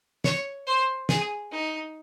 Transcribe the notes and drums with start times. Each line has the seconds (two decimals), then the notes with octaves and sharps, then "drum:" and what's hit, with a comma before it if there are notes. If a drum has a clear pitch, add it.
0.24 C#5, drum: snare
0.67 C5
1.09 G#4, drum: snare
1.52 D#4